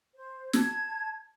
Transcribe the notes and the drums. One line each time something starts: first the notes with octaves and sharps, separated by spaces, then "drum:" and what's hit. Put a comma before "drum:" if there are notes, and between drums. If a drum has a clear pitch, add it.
C5
A5 G#6, drum: snare